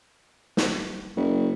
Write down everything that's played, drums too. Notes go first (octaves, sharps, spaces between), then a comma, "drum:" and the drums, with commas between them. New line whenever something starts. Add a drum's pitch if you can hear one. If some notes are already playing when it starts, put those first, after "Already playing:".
drum: snare
F#1